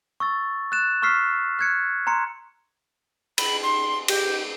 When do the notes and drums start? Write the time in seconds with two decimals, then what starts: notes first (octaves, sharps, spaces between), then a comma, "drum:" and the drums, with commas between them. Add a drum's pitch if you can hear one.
0.20 C#6 E6 A6
0.72 F#6 A6 E7
1.02 C#6 E6 F6 B6 C7
1.59 F#6 G#6 C#7
2.07 A#5 C6 C#7
3.38 B5, drum: cymbal
3.63 C6
4.08 G4, drum: cymbal